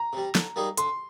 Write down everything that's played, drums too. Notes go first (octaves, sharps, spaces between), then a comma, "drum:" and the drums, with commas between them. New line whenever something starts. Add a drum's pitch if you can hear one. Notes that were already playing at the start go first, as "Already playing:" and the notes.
Already playing: A#5
C3 G3
D3, drum: snare
G3 A#3 D#4 G#4
D3 C6, drum: hi-hat